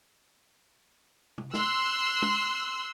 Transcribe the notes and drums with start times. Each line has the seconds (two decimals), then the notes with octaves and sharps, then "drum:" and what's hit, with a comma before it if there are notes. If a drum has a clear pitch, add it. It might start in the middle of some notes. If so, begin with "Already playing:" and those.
1.38 drum: tom
1.54 C6 E6 F#6, drum: snare
2.22 drum: tom